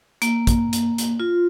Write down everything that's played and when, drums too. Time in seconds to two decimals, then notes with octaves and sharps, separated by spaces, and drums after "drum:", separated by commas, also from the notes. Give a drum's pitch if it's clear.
0.22 A#3, drum: hi-hat
0.47 drum: kick, hi-hat
0.73 drum: hi-hat
0.98 drum: hi-hat
1.20 F4